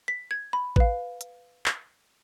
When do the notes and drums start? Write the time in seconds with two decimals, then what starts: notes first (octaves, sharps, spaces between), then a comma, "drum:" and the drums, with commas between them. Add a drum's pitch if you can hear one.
0.08 B6
0.31 G#6
0.53 B5
0.76 B4 F5, drum: kick A1
1.21 drum: hi-hat
1.66 drum: clap